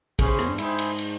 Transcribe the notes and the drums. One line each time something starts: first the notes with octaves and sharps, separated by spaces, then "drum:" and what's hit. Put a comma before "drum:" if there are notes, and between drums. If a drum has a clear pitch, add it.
C#3 C#4 E4 G#4 C5, drum: kick, cymbal
C#3
E2, drum: rim click
G2
G#2 E4 G#4 C5 G5, drum: cymbal
drum: cymbal
drum: cymbal